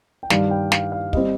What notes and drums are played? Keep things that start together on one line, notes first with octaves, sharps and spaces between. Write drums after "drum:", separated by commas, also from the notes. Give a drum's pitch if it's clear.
G5
G2 D#3 G3 F5, drum: snare
G5
F5, drum: snare
F5
G3 C4 D#5, drum: kick